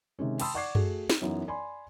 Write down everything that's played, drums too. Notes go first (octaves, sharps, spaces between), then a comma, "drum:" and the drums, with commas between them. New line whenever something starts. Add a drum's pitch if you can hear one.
C3 D#3 G#3 C#4
G5 A5 B5 C6 D#6 E6, drum: cymbal
D5 F#5 C#6 D6 G#6 C7
A3 F#4 G#4 A4, drum: tom F#2
drum: snare
F#2 E3 B3 D#4
D5 G#5 B5 C6